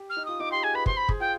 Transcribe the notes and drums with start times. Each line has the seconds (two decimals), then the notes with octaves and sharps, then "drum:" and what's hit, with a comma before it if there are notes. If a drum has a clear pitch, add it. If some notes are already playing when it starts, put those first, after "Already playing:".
Already playing: G4
0.09 F6
0.17 D#4
0.25 F4 D#6
0.40 D#4 D6
0.51 G4 C6
0.63 G#4 G#5
0.74 B4 B5
0.86 C5 C6, drum: kick
0.97 B5
1.09 G#4, drum: kick
1.20 F4 G5